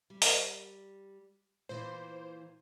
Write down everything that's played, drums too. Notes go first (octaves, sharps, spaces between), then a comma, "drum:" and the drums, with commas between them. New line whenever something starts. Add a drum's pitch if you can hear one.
G3
drum: open hi-hat
A#2 E3 C5